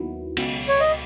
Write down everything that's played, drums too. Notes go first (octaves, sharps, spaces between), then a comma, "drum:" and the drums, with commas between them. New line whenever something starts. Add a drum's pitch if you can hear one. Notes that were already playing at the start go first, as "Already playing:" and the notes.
Already playing: D#2 D#3 F#3 B3 E4
C#2 B2 F#3, drum: cymbal
C#5
D#5